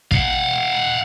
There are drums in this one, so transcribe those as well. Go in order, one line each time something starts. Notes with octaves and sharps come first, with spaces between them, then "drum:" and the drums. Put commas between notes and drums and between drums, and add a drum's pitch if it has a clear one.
F5 F#5, drum: kick